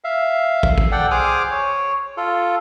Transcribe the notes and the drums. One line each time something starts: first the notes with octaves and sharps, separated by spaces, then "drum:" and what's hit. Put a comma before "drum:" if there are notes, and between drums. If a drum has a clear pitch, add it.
E5 F5
drum: kick
drum: kick
A4 D5 F#5 G5
G#4 C5 D6 D#6 F6
C#5
F4 A4